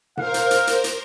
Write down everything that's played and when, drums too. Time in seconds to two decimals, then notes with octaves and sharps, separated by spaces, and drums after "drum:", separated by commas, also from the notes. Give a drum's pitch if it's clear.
0.17 A#4 C5 F5, drum: tom B2
0.34 drum: hi-hat
0.51 drum: hi-hat
0.67 drum: hi-hat
0.84 drum: hi-hat